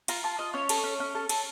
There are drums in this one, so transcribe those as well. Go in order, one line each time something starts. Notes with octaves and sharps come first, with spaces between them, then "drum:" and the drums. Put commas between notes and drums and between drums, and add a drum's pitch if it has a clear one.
F4 A#5, drum: cymbal
F4 A5
F4 D#5
C#4 C#5
A4, drum: cymbal
C#4
C#4
A4
A4, drum: cymbal